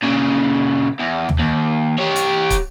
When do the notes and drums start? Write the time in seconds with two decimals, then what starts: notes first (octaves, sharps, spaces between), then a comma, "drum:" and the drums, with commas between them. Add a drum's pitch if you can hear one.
0.02 A#2 C#3
1.00 E2
1.29 drum: tom
1.39 D#2
1.98 G4 C#5
2.16 drum: hi-hat
2.50 drum: kick, hi-hat